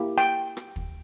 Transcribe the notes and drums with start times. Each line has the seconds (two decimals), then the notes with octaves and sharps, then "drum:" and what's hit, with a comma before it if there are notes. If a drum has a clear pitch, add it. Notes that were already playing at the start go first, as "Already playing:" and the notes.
Already playing: A#3 E4 G4
0.18 G5
0.57 drum: rim click
0.76 drum: kick